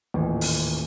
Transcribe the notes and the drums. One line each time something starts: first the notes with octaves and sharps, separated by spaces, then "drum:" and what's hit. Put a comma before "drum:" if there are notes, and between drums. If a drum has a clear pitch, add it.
D#1 A1
drum: open hi-hat